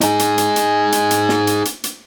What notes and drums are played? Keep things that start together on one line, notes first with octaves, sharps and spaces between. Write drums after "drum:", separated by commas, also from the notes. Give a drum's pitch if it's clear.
D#4 G#4, drum: hi-hat
drum: hi-hat
drum: hi-hat
drum: hi-hat
drum: hi-hat
drum: hi-hat
drum: snare
drum: hi-hat
drum: hi-hat
drum: hi-hat